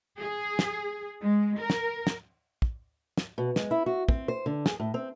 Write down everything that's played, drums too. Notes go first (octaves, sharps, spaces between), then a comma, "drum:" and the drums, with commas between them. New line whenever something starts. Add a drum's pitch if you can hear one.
G#4
drum: snare
G#3
A#4
drum: snare
drum: snare
drum: kick
drum: snare
B2
G#3, drum: snare
E4
F#4
C4, drum: kick
C5
D3
G#4, drum: snare
A2
C4